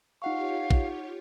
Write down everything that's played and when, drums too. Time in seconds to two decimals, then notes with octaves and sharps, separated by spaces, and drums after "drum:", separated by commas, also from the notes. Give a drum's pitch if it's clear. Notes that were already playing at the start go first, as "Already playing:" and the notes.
0.22 D#4 F4 G4 C#5 F5 F#5 C#6
0.71 drum: kick